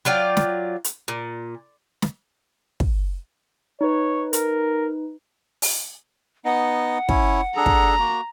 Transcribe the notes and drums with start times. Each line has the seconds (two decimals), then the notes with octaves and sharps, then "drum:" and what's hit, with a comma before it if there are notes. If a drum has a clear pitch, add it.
0.05 F#3 F4 D5 G5
0.37 drum: snare
0.84 drum: hi-hat
1.08 A#2
2.02 drum: snare
2.80 drum: kick
3.81 D#4 B4 C#5
4.33 A#4, drum: hi-hat
5.62 drum: open hi-hat
6.45 B3 D#4 D#5 F#5
7.09 C#4 E4 C#5, drum: kick
7.56 D4 G#4 A4 A#5
7.66 drum: kick
7.99 A#3 F#4